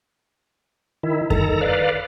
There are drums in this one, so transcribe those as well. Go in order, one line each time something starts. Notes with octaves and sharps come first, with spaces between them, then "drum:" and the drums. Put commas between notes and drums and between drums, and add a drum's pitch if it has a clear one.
D#3 E4
D#3 A4 A#5, drum: kick F#2
B4 D5 F5